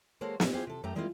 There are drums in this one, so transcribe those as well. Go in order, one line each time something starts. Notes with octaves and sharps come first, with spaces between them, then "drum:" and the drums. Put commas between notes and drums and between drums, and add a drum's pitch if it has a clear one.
G#3 A#3 F#4 A4 C5 C#5
A#2, drum: snare
E4 F4 G4 G#4 C5
C3 A4
F#2 A3 G4 A#5
G3 G#3 A#3 C4 E4 F4